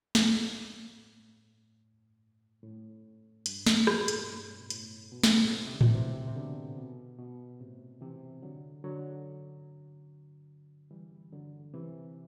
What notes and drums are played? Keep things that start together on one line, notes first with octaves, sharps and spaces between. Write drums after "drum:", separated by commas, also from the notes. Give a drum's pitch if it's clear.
A2, drum: snare
A2
G2, drum: hi-hat
A2, drum: snare
B2, drum: rim click
A2, drum: hi-hat
G2
B2
A2, drum: hi-hat
B2
drum: snare
A2 C3
C3
D3
A2 C3, drum: tom A2
C3 E3
C3
B2 D3
B2
B2
A2 C3
C3 E3
D3 F#3
D3 F#3
E3 G3
D3 F#3
C3 E3